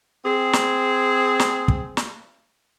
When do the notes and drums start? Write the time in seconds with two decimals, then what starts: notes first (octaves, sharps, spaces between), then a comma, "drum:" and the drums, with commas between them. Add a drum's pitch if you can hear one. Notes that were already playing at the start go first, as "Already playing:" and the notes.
0.25 C4 G#4
0.53 drum: snare
1.39 drum: snare
1.68 drum: kick
1.97 drum: snare